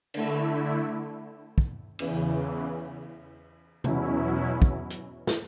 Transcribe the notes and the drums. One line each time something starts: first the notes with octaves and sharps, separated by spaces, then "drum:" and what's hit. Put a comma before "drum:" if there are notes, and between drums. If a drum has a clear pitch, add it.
D3 A3 E4, drum: cymbal
drum: kick
E2 C#3 E3, drum: cymbal
E2 B2 F#3 C#4 E4, drum: tom C3
drum: kick
drum: hi-hat
drum: snare